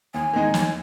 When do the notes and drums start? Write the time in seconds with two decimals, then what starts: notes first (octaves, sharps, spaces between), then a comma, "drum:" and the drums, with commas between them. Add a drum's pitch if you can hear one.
0.14 D#2 G#5
0.33 D#3 G#3 D#4
0.54 D#2, drum: snare